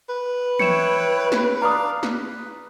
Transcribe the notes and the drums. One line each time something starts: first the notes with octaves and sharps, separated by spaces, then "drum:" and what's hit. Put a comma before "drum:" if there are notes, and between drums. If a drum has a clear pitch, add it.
B4
E4 C#5 G5 C#7 E7, drum: tom E3
drum: snare
D4 D5 F5 A#5 D#6
B4, drum: snare